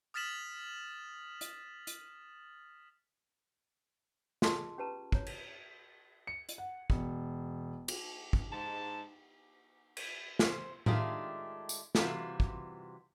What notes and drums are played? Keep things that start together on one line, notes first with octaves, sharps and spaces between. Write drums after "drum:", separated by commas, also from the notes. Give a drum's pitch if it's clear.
D#6 F6 A6 B6 E7 F#7
drum: hi-hat
drum: hi-hat
F4 G#4 A4 D#5 A5 C6, drum: snare
C#4 G4 B4 A5 A#5
C#5 A#5, drum: kick
drum: cymbal
C#7
drum: hi-hat
F#5
E1, drum: kick
drum: cymbal
drum: kick
G#2 A5
drum: cymbal
C5, drum: snare
D#3 G#3 A3 D4 F4 G4, drum: tom A2
drum: tambourine
C3 E3 G3 F4 F#4, drum: snare
drum: kick